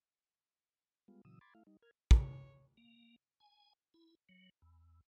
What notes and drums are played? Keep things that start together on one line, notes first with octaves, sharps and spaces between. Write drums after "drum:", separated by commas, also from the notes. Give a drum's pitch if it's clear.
G3 G#3 B3 F4
A#2 C#3 E3 F#3 D#6 E6
B5 C6 D6 G#6 A6
A3 E4 F5
G3 D#4
A#4 F6 G#6
C#5, drum: kick
A#3
G#5
E4
F#3
E2